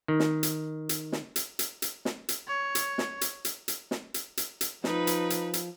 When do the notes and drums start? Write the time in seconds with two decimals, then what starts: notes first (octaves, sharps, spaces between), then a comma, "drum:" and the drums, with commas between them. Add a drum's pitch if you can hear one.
0.08 D#3
0.20 drum: snare
0.43 drum: hi-hat
0.89 drum: hi-hat
1.12 drum: snare
1.36 drum: hi-hat
1.59 drum: hi-hat
1.82 drum: hi-hat
2.05 drum: snare
2.29 drum: hi-hat
2.48 C#5
2.75 drum: hi-hat
2.98 drum: snare
3.21 drum: hi-hat
3.45 drum: hi-hat
3.68 drum: hi-hat
3.91 drum: snare
4.14 drum: hi-hat
4.37 drum: hi-hat
4.61 drum: hi-hat
4.84 F3 D#4 B4, drum: snare
5.07 drum: hi-hat
5.30 drum: hi-hat
5.54 drum: hi-hat